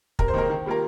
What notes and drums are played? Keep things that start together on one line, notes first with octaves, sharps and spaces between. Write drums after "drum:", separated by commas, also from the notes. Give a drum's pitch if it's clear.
C3 A#4, drum: kick
C5
D#3 A#3 D#4 A#4
D#3
G3 A#3 F4 A#4